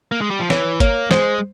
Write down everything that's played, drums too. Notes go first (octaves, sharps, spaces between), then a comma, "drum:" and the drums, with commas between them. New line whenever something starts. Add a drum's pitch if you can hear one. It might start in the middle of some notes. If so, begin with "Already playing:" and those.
A#3
G#3
G3
F3
E3 C#5, drum: snare
A#3 C#5, drum: kick G#1, hi-hat
G#3 C5, drum: snare